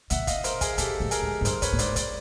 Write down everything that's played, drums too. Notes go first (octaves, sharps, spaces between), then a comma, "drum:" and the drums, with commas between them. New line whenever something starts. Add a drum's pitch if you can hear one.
A#2 E5 F#5, drum: hi-hat
D#5 F5, drum: kick, hi-hat
A#4 C5, drum: hi-hat
G#4 A#4, drum: kick, hi-hat
A#2 G4 A4, drum: hi-hat
A2
G#4 A#4, drum: hi-hat
G#2
G#2
G2 A#4 C5, drum: hi-hat
B4 C#5, drum: kick, hi-hat
A2
G#2 C5 D5, drum: hi-hat
C5 D5, drum: kick, hi-hat